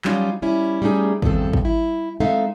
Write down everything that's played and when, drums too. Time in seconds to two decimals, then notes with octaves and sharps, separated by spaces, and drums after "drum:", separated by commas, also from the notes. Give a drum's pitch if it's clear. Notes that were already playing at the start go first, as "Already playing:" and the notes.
0.05 F#3 G3 C#4 D#4 F4, drum: clap
0.42 G3 C#4 E4
0.82 G3 A3 C#4 D#4 G#4
1.22 E2 G2 D#3 F3 C4 A4, drum: kick
1.53 drum: kick
1.65 E4
2.20 G#3 C4 D#4 A4 E5 F5